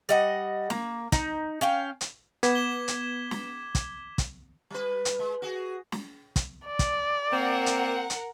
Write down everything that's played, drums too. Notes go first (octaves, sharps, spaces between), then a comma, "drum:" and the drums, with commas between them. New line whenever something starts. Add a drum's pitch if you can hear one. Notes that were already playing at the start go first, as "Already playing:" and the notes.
G3 D#5 F#5
A#3, drum: snare
D#4, drum: kick, hi-hat
C#4 F5 G5
drum: hi-hat
B3 D6 G#6 B6, drum: hi-hat
D6 E7 G7
drum: hi-hat
drum: snare
drum: kick, hi-hat
drum: kick, hi-hat
G3 B4
drum: hi-hat
G#3
F#4 G#4
drum: snare
drum: kick, hi-hat
D5
drum: kick, hi-hat
A#3 C4 A#4 F#5
drum: hi-hat
drum: hi-hat